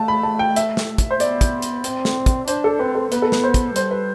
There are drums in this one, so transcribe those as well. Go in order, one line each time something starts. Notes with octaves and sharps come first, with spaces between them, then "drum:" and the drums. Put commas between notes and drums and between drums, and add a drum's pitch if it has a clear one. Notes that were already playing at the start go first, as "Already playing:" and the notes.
Already playing: A3 F5 A5
B5
A5
G5
E5, drum: hi-hat
drum: snare
drum: kick, hi-hat
C5
B3 D5, drum: hi-hat
drum: kick, hi-hat
drum: hi-hat
C4, drum: hi-hat
drum: snare
drum: kick, hi-hat
D4 C5, drum: hi-hat
A4
C4 B4
A4
B3 B4, drum: hi-hat
A4
B4, drum: snare
C5
drum: kick, hi-hat
G3 C5, drum: hi-hat
B4